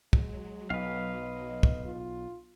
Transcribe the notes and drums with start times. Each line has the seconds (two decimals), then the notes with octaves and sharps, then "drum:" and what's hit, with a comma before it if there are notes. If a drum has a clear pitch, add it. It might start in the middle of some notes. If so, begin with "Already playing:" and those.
0.13 F#3 G#3, drum: kick
0.70 B1 B4 D#5 F5
1.63 drum: kick
1.86 F4